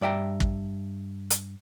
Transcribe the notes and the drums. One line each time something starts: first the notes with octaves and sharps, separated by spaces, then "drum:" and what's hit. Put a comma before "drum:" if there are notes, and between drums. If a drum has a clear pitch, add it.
G2 D5 E5 G5 A#5
drum: kick
drum: hi-hat